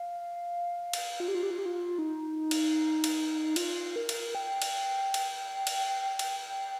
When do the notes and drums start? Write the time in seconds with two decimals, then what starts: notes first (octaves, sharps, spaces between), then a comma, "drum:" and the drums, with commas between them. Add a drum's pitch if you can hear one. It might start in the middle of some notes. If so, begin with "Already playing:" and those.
Already playing: F5
0.93 drum: cymbal
1.20 F4
1.28 G4
1.35 F4
1.43 G4
1.50 F4
1.58 G4
1.66 F4
1.99 D#4
2.51 drum: cymbal
3.04 drum: cymbal
3.56 F4, drum: cymbal
3.96 A#4
4.09 drum: cymbal
4.35 G5
4.62 drum: cymbal
5.14 drum: cymbal
5.67 drum: cymbal
6.19 drum: cymbal